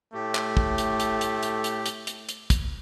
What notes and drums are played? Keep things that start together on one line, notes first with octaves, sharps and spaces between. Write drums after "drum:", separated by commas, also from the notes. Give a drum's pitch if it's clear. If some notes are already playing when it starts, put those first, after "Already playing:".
A2 A3 G4
drum: clap
drum: kick
drum: hi-hat
drum: hi-hat
drum: hi-hat
drum: hi-hat
drum: hi-hat
drum: hi-hat
drum: hi-hat
drum: hi-hat
drum: kick, hi-hat